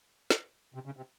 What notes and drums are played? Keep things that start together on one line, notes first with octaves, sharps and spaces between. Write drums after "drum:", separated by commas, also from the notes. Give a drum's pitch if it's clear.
drum: snare
C3
C#3
C3